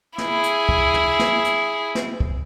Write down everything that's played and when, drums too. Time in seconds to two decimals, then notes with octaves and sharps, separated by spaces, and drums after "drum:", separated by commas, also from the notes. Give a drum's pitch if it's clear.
0.18 E4 G#4, drum: snare
0.43 drum: hi-hat
0.69 drum: kick
0.94 drum: tom
1.19 drum: snare
1.45 drum: hi-hat
1.95 drum: snare
2.20 drum: kick